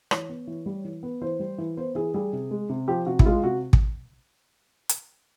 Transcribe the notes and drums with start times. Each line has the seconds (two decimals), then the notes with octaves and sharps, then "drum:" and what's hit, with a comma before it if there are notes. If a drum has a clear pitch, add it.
0.11 E3 C#5, drum: rim click
0.29 B3
0.47 E3
0.66 G3
0.85 E3
1.03 B3
1.21 E3 C5
1.40 G3
1.58 E3
1.77 B3 C5
1.95 E3 G#4
2.14 G3 G#4
2.33 C3
2.51 G#3
2.69 C3
2.88 F3 G4
3.06 C3 F#4
3.19 E4, drum: kick
3.26 G#3 F4
3.44 C3 F#4
3.73 drum: kick
4.89 drum: hi-hat